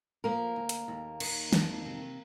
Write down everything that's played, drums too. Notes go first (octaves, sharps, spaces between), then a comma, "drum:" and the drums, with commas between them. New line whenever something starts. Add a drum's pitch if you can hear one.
F3 A#3 A#4
D2
drum: hi-hat
D#2
D#3, drum: cymbal
F2, drum: snare
C3